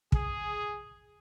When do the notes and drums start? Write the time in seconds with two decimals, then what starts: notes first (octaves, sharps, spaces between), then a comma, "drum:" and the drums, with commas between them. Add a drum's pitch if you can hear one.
0.12 G#4, drum: kick